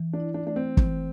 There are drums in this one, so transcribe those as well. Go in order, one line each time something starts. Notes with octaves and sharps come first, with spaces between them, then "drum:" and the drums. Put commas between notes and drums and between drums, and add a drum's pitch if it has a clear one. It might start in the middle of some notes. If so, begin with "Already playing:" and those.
Already playing: E3
D4
E4
D4
A3 D4
C4
E3, drum: kick